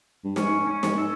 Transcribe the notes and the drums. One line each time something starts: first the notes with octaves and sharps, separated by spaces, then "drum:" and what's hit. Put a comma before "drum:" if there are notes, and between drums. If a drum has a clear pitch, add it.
G2
G#2 C#4, drum: snare
C#4
G#2, drum: snare
A4